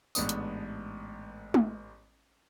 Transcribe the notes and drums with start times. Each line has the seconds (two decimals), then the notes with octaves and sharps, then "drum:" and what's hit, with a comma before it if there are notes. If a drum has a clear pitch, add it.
0.15 A1 G#2 B3 D4 D#6, drum: tambourine
0.29 drum: hi-hat
1.54 drum: tom G#3